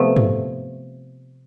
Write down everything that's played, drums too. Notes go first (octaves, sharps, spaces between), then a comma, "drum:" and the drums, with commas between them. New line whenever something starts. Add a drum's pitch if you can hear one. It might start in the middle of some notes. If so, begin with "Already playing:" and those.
Already playing: C3 F3 A3 B3
drum: tom G2